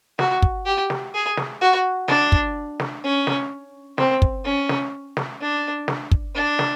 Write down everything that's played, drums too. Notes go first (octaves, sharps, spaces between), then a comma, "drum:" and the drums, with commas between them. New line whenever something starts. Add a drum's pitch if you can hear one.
F#4, drum: snare
drum: kick
G4
drum: snare
G#4
drum: snare
F#4
D4, drum: snare
drum: kick
drum: snare
C#4
drum: snare
C4, drum: snare
drum: kick
C#4
drum: snare
drum: snare
D4
drum: snare
drum: kick
D4
drum: snare